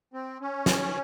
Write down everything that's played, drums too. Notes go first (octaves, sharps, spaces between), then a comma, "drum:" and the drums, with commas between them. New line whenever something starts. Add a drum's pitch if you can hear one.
C4
C#4
drum: snare